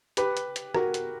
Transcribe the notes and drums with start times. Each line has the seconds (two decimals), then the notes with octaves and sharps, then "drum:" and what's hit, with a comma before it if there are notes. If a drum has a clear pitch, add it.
0.17 G4 B4, drum: hi-hat
0.37 drum: hi-hat
0.56 drum: hi-hat
0.74 F#4 A#4, drum: rim click
0.94 drum: hi-hat